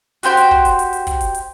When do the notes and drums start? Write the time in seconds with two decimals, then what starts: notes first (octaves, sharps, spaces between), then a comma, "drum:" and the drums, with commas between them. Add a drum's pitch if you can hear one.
0.23 F#4 G4 C5 G5, drum: hi-hat
0.37 drum: hi-hat
0.51 drum: kick
0.65 drum: hi-hat
0.79 drum: hi-hat
0.93 drum: hi-hat
1.07 drum: kick, hi-hat
1.21 drum: hi-hat
1.34 drum: hi-hat